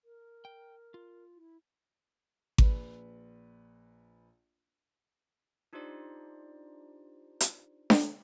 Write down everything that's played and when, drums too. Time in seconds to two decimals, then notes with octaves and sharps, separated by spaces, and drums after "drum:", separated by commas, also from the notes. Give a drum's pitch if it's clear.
0.05 A#4
0.45 G5
0.94 F4
1.36 E4
2.58 A#1 B4, drum: kick G#1
5.73 D4 D#4 F4 G4 C5 D5
7.41 drum: hi-hat
7.90 drum: snare D4